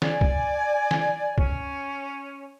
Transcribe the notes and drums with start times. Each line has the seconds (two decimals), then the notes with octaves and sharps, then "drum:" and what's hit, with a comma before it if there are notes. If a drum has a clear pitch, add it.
0.02 D5 G#5, drum: snare
0.21 drum: kick
0.91 drum: snare
1.38 C#4, drum: kick